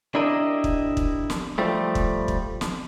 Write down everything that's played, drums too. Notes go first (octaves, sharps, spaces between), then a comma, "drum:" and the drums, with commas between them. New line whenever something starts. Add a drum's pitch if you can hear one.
D4 E4 G4 A#4 D#5
drum: kick
drum: kick
drum: snare
F3 G3 A3
drum: kick
drum: kick
drum: snare